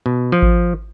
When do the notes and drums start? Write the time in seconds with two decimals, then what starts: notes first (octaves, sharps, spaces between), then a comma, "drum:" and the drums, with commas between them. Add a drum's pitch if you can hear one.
0.06 B2
0.32 F3
0.42 drum: kick G#1